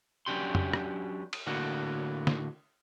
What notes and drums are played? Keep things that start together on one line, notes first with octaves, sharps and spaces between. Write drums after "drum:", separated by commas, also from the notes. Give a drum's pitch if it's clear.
F#3 C#4 D4 G4 C6
drum: tom F2
drum: rim click
drum: cymbal
A2 D3 A#3 F#4
drum: snare